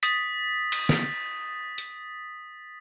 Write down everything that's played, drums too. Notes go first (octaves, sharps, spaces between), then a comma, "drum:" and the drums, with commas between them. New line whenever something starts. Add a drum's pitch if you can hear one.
D#6 A6 B6, drum: hi-hat
drum: cymbal
drum: snare
drum: hi-hat